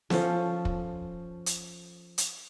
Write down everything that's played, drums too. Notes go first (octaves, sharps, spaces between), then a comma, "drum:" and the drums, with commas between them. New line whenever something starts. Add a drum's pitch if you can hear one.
F3 C#4 A4, drum: snare
drum: kick
drum: hi-hat
drum: hi-hat